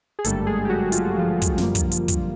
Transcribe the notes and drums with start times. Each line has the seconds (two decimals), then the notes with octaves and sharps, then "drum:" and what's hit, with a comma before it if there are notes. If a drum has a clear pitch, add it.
0.19 G#4
0.24 G#1 G2 D3 G3 A3 A#3 A4, drum: hi-hat
0.47 G#3 G#4
0.65 G4
0.69 F#3 F#4
0.92 F4, drum: hi-hat
1.05 F#4
1.18 F3 F4
1.42 drum: kick, hi-hat
1.58 F#2 D3 G3 A#3, drum: snare
1.75 drum: kick, hi-hat
1.91 drum: hi-hat
2.08 drum: kick, hi-hat